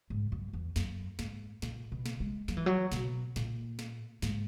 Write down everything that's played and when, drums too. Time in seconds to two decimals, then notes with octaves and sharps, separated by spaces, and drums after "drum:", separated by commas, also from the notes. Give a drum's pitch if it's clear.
0.10 G#2
0.32 F#2
0.53 E2
0.76 F#2, drum: snare
1.19 G#2, drum: snare
1.62 A#2, drum: snare
1.92 B2
2.06 drum: snare
2.20 G#3
2.48 F#3, drum: snare
2.57 E3
2.66 F#3
2.92 B2, drum: snare
3.36 A#2, drum: snare
3.79 drum: snare
4.22 G#2, drum: snare